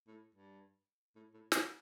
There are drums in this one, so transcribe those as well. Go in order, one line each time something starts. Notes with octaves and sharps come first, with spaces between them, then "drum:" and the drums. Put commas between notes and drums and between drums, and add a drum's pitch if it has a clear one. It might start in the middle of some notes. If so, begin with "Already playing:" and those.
A2
G2
A2
A2
D3, drum: snare